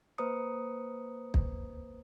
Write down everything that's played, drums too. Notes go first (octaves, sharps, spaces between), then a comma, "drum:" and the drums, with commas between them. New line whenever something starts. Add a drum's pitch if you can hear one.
A#3 B4 C5 A#5 D#6 C#7
drum: kick